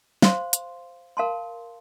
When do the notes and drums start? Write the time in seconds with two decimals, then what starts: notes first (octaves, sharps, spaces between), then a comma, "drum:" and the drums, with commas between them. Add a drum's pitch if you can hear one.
0.22 C5 F5 C6, drum: snare
0.53 drum: hi-hat
1.17 A#4 F5 A5 C6